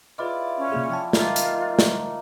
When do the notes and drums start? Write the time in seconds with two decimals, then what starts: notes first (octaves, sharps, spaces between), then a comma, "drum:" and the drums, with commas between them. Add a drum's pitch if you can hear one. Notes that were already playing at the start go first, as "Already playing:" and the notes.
0.18 E4 F4 G#4 B4 D5 D#5
0.58 C#4
0.72 C3 A#3 G#4
0.90 F3 G5 A5
1.13 A3 A#3 D#4 F4, drum: snare
1.36 drum: hi-hat
1.79 drum: snare